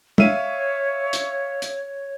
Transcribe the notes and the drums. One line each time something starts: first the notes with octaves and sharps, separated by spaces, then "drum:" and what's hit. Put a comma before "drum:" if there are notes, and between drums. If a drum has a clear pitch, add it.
C#5 E5 F5 D#7, drum: tom
drum: hi-hat
drum: hi-hat